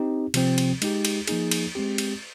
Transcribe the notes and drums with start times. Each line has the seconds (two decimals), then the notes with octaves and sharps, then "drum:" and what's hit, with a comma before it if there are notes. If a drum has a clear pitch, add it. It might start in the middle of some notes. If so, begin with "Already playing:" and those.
Already playing: C4 D#4 G4
0.34 C3 F3 C4, drum: cymbal
0.58 drum: cymbal
0.82 G#3 D#4 G4, drum: cymbal
1.05 drum: cymbal
1.27 F3 A#3 D#4 G#4, drum: cymbal
1.51 drum: cymbal
1.75 G#3 C4 G4
1.98 drum: cymbal